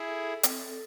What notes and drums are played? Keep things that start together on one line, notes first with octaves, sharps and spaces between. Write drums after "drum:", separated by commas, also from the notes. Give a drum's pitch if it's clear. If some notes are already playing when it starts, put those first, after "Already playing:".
Already playing: E4 G#4
A4
A4
C4, drum: hi-hat
A4